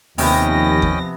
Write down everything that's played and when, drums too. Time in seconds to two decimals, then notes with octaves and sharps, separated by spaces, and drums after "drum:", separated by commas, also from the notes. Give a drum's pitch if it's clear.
0.18 D#2 C3 F3 B3 C#4 D#5 G5 A#6, drum: open hi-hat
0.82 drum: kick G1